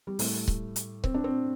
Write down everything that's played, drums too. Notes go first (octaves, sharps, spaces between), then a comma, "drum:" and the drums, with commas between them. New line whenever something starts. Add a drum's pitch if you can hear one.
G3
A2 G3 A3, drum: open hi-hat
drum: kick C#1
drum: hi-hat
C4, drum: kick C#1
D4
C4